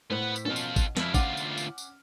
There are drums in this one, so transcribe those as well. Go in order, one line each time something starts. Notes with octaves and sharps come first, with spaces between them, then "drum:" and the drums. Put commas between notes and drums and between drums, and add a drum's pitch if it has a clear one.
A2 B3 C5 F#5
drum: tambourine
B2 C#4 F4 A4
drum: tambourine
drum: kick, tambourine
F2 F3 E4 F6, drum: snare
D2 C#4 F4 F#5 D6, drum: kick, tambourine
drum: tambourine
drum: tambourine
drum: tambourine